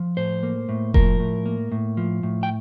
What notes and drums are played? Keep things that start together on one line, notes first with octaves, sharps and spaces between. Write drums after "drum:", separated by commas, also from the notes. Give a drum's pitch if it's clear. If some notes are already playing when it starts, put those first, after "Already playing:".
Already playing: F3
A2 C5
A#3
A2
F3 A#4, drum: kick F1
A2
A#3
A2
F3
A2
G5